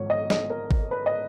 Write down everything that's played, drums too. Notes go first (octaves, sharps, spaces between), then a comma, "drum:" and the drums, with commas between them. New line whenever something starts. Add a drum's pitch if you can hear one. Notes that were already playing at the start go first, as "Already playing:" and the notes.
Already playing: G#1 G#2 F3 C#5
D#5
D#5, drum: snare
A#4
drum: kick G#1
B4
D#5